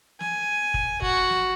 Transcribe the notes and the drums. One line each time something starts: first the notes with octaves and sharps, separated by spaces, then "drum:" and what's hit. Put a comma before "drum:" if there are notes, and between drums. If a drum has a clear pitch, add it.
G#5, drum: snare
drum: kick
F#4, drum: kick
drum: snare